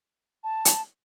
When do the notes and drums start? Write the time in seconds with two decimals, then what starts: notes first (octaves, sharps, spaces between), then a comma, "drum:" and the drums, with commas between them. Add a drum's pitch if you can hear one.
0.44 A5
0.65 drum: hi-hat